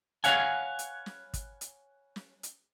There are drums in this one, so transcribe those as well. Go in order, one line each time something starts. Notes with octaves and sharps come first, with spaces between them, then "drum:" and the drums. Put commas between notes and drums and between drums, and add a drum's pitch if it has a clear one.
B4 C#5 F5 F#5 G#5, drum: hi-hat
drum: hi-hat
drum: snare
drum: kick, hi-hat
drum: hi-hat
drum: snare
drum: hi-hat